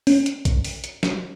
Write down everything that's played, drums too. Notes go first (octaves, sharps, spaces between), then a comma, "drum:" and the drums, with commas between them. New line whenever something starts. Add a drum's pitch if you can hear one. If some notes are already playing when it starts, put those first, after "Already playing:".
C#4, drum: open hi-hat
drum: hi-hat
drum: kick, hi-hat
drum: open hi-hat
drum: hi-hat
drum: snare